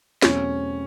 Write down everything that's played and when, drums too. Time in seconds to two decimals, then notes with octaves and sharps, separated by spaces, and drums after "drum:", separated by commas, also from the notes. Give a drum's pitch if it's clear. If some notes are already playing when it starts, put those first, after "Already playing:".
0.22 E2 B2 F#3 A3 C4 C#4, drum: snare